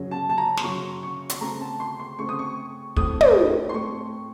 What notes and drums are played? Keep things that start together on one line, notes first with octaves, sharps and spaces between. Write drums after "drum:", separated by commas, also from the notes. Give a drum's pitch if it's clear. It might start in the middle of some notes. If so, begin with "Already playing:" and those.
Already playing: F#2 C#3 F#3
A5
A5
A#5
C6, drum: snare
F#2 C#3 F#3 C#6
C#6
C6, drum: hi-hat
C#3 A3 C4 A#5
A5
C6
C6
C#3 A3 C4 C#6
D#6
C#6
A2 A3 C4 D#6, drum: kick
drum: tom
C6
A2 A3 C4 C#6